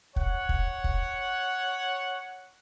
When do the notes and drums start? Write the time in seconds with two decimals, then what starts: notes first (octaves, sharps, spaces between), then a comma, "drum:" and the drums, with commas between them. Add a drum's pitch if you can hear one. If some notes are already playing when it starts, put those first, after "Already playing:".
0.16 C#5 F#5, drum: kick
0.49 drum: kick
0.84 drum: kick